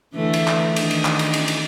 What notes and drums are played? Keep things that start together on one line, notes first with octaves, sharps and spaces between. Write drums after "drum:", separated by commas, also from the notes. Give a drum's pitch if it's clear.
D3 E3 A3
drum: cymbal
drum: clap
D#3 D4 D#5, drum: cymbal
drum: cymbal
drum: clap
drum: cymbal
drum: cymbal
drum: cymbal